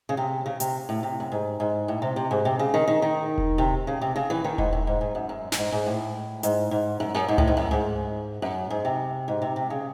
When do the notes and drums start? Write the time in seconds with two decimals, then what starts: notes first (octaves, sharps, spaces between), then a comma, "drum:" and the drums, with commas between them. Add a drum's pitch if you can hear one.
0.09 C#3
0.17 C3
0.46 C#3
0.60 C3, drum: hi-hat
0.89 A2
1.03 C3
1.20 F#2
1.32 G#2
1.60 G#2
1.88 A2
2.02 C3
2.16 C3
2.31 G#2
2.45 C3
2.59 C#3
2.74 D#3
2.87 D#3
3.02 D#3
3.38 drum: kick E1
3.58 C3
3.87 C#3
4.01 C3
4.16 C#3
4.30 E3
4.44 D#3
4.58 G#2, drum: kick E1
4.73 F#2
4.87 G#2
5.01 G#2
5.15 F#2
5.29 F#2
5.52 F#2, drum: snare
5.58 G#2
5.72 G#2
5.86 A2
6.43 G#2, drum: hi-hat
6.71 G#2
7.00 F#2
7.14 F#2
7.28 G#2
7.38 A2, drum: tom C#2
7.47 G#2
7.57 F#2
7.71 G#2
8.42 F#2
8.70 G#2
8.85 C3
9.28 G#2
9.42 C3
9.56 C3
9.70 C#3